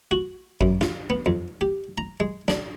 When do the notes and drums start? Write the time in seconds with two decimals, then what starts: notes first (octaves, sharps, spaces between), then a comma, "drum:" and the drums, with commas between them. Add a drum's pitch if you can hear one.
0.11 F#4
0.61 F#2, drum: kick G#1
0.81 F4, drum: snare
1.10 B3
1.26 F2
1.61 G4
1.98 A#5
2.20 G#3
2.48 D4, drum: snare